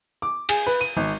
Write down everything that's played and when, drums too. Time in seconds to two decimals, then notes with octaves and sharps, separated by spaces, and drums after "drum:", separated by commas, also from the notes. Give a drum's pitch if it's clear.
0.22 D6
0.49 G#4, drum: cymbal
0.67 B4
0.81 D#7
0.97 G#1